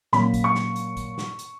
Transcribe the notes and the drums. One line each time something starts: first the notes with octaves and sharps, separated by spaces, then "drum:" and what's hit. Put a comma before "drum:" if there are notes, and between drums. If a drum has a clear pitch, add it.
A#2 F#3 A#3 C#4 B5, drum: snare
drum: kick, hi-hat
C#6
drum: snare
drum: hi-hat
drum: kick, hi-hat
drum: snare
drum: hi-hat